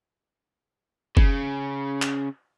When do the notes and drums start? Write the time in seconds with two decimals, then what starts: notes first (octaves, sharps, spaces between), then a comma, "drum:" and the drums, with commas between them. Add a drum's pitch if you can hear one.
1.17 C#3, drum: kick
2.02 drum: clap